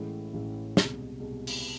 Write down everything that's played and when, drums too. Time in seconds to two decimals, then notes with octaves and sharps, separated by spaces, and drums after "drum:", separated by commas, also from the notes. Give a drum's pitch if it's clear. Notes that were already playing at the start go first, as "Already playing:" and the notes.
Already playing: A1 A2 E3 G#3
0.33 A1 A2 E3 G#3
0.77 C2 B2 G#3, drum: snare
1.20 C2 B2 G#3
1.47 drum: open hi-hat